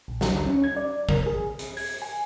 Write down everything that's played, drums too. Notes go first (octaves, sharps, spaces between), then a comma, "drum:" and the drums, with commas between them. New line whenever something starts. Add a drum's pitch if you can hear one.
A#1
drum: snare
D2
C#4
G#6
D5
A#4, drum: kick
G#4
drum: hi-hat
G#6, drum: open hi-hat
G#5